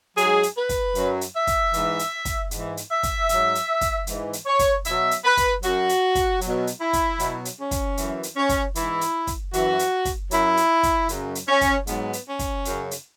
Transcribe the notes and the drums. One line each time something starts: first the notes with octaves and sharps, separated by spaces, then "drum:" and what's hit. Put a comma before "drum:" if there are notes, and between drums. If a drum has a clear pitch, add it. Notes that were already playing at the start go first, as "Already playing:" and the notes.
G#2 F#3 G#4, drum: hi-hat
drum: hi-hat
B4
drum: kick, hi-hat
F#2 F#3, drum: hi-hat
drum: hi-hat
E5
drum: kick, hi-hat
G#2 E3, drum: hi-hat
drum: hi-hat
drum: kick, hi-hat
G#2 E3, drum: hi-hat
drum: hi-hat
E5
drum: kick, hi-hat
G#2 F#3, drum: hi-hat
drum: hi-hat
drum: kick, hi-hat
G#2 E3, drum: hi-hat
drum: hi-hat
C#5
drum: kick, hi-hat
B2 F#3 E5, drum: hi-hat
drum: hi-hat
B4
drum: kick, hi-hat
F#2 F#3 F#4, drum: hi-hat
drum: hi-hat
drum: kick, hi-hat
B2 F#3, drum: hi-hat
drum: hi-hat
E4
drum: kick, hi-hat
B2 F#3, drum: hi-hat
drum: hi-hat
C#4
drum: kick, hi-hat
F#2 E3, drum: hi-hat
drum: hi-hat
C#4
drum: kick, hi-hat
G#2 E3 E4, drum: hi-hat
drum: hi-hat
drum: kick, hi-hat
F#2 E3 F#4, drum: hi-hat
drum: hi-hat
drum: kick, hi-hat
F#2 F#3 E4, drum: hi-hat
drum: hi-hat
drum: kick, hi-hat
F#2 C#3 F#3, drum: hi-hat
drum: hi-hat
C#4
drum: kick, hi-hat
G#2 F#3 B3, drum: hi-hat
drum: hi-hat
C#4
drum: kick, hi-hat
F#2 C#3 F#3, drum: hi-hat
drum: hi-hat